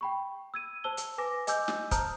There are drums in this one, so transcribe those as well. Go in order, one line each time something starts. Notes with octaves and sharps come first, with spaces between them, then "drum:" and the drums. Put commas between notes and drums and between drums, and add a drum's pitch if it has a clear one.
G5 B5 C#6
E6 G#6 D#7
C5 A5 E6 G7
drum: hi-hat
B4 G#5 D6 A#6
D#5 G#5 D6 E6 G6, drum: hi-hat
drum: snare
C5 A5 A#5 D#6 F6 G6, drum: kick, hi-hat